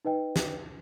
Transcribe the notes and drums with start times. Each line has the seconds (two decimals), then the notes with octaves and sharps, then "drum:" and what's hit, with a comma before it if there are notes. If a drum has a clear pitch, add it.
0.05 D#4 B4 D#5 G5
0.36 drum: snare